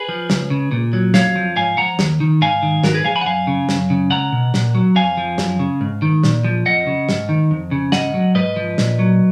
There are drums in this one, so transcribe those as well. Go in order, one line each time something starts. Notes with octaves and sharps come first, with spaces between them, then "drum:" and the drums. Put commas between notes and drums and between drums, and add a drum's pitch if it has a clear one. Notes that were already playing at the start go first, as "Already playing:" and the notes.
Already playing: G#4 B4
F3
C#2, drum: snare
C#3
A#2
F#3
F2 C#5 F5, drum: snare
F3
G#2 F5 G#5
F3 F#5 A#5
D#2, drum: snare
D#3
G#2 F5 G#5
D#3
G#2 F#4 A#4, drum: snare
G#4 B4
F3 F5 G#5
G#5 B5
F#5
F#2 F5 G#5
C#3
F#2, drum: snare
C#3
C#2 F#5 A#5
B2
A#2, drum: snare
F#3
F2 F5 G#5
F3
F#2, drum: snare
C#3
G#2
D#3
A#2, drum: snare
F3
F2 D#5 F#5
C#3
G#2, drum: snare
D#3
F2
C#3
G#2 D#5 F#5, drum: snare
F#3
G#2 B4 D#5
F3
A#2, drum: snare
F#3